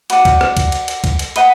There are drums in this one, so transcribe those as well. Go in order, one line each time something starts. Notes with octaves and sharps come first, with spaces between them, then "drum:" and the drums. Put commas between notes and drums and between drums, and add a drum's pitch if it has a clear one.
F#4 B4 D5 F#5, drum: cymbal
drum: kick C#2, cymbal
drum: rim click
drum: kick C#2, cymbal
drum: cymbal
drum: cymbal
drum: kick C#2, cymbal
drum: cymbal
B4 D#5 F#5 B5, drum: cymbal